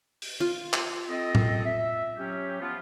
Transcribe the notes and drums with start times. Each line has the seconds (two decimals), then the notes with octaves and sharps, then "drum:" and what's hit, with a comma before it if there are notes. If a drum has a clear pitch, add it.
0.22 drum: open hi-hat
0.40 F4
0.73 drum: clap
1.09 C4 A4 D#5
1.35 drum: tom
1.65 E5
2.17 F#3 C#4 G4
2.60 F3 B3 F4